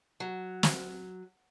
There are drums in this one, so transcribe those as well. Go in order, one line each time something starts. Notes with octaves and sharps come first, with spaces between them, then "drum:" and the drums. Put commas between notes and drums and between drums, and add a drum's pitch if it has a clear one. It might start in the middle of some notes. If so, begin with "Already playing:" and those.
F#3
drum: snare